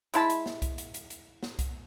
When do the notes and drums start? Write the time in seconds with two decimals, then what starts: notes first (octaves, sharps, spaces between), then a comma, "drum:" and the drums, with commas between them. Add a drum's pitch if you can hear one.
0.14 G#3 E4 A5 B5, drum: hi-hat
0.30 drum: hi-hat
0.46 drum: snare
0.62 drum: kick B1, hi-hat
0.78 drum: hi-hat
0.94 drum: hi-hat
1.10 drum: hi-hat
1.43 drum: snare
1.59 drum: kick B1, hi-hat